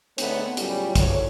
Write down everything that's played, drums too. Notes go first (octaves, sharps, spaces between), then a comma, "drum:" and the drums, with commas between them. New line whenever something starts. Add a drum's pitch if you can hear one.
G#2 D3 A3 B3 C4 C#5, drum: hi-hat
A2 C#3 F#3 G3 C#4 F4, drum: hi-hat
G#2 E3 F#4 A4 C#5, drum: kick, hi-hat